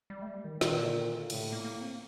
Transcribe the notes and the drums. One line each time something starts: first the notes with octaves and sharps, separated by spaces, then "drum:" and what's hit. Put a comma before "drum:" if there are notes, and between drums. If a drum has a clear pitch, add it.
G3
A3
G3
D#3
A#2 D#3, drum: snare
D3
A2 C3, drum: cymbal
A#3
A#3
C4